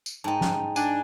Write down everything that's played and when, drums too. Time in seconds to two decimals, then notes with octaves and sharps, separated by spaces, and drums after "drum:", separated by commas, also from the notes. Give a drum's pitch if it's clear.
0.06 drum: tambourine
0.24 G#2 D#4 G5 A5
0.41 drum: snare
0.76 D4 G#5, drum: tambourine